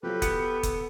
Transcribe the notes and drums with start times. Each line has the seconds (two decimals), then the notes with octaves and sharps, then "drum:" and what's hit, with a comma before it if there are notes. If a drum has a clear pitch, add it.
0.03 F3 F#3 G4 A4 B4
0.22 B3 C#7, drum: kick F#1, hi-hat
0.63 drum: kick F#1, hi-hat